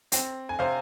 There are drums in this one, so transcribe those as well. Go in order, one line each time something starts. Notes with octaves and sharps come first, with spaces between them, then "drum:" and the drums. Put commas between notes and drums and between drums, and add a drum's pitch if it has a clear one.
C4, drum: hi-hat
G#5
C3 C5 F5